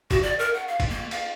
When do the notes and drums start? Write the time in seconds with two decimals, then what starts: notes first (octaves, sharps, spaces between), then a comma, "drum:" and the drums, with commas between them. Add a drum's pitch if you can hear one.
0.11 F#4, drum: kick G1, cymbal
0.23 D5
0.39 A#4
0.54 F#5
0.68 F5
0.80 drum: kick G1, cymbal
0.89 A#3
1.11 F5, drum: cymbal